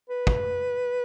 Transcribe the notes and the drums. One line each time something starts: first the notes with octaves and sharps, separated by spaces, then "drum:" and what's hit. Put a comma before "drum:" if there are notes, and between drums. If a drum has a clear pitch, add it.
B4
drum: kick